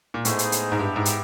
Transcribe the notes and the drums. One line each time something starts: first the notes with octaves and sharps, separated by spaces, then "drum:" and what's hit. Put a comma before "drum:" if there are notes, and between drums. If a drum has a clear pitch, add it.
A#2
A2 G#3 B3 D#4 G#4 C5, drum: hi-hat
drum: hi-hat
drum: hi-hat
G#2
G2 B3 E4 G4
G#2
drum: hi-hat